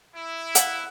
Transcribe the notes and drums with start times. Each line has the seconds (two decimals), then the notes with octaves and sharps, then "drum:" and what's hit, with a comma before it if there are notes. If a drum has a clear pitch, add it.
0.15 E4
0.55 F#5, drum: hi-hat